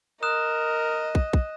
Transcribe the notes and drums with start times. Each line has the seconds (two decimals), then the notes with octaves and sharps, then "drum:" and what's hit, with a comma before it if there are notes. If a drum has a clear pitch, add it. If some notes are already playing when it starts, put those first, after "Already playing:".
0.23 A#4 D#5 D#6 F#6 E7
1.15 drum: kick
1.33 drum: kick